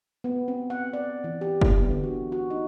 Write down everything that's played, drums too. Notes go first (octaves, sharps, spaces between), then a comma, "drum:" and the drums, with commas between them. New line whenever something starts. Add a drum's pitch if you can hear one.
B3
C4
F#5
D5
E3
G4
E4, drum: kick
B3
D3
F#4
F#4
D#4